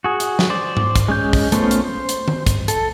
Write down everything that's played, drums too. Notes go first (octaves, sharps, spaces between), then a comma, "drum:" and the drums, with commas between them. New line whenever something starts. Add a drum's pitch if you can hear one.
F#4 G#4
drum: hi-hat
drum: snare
C5 D5
drum: tom G#2
drum: kick, hi-hat
G#3 C#4 G6
drum: kick, open hi-hat
A3 B3 C#4 F4 C5, drum: hi-hat
drum: hi-hat
C5
drum: hi-hat
drum: tom
drum: kick, hi-hat
A4, drum: hi-hat